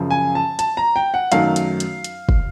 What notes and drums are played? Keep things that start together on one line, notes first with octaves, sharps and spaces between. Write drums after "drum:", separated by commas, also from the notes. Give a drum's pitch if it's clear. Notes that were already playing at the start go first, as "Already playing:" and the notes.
Already playing: F#2 C#3 F3
G#5
A5
A5, drum: hi-hat
A#5
G5
F#5
F#2 D#3 F#3 A3 F5, drum: hi-hat
drum: hi-hat
drum: hi-hat
drum: hi-hat
drum: kick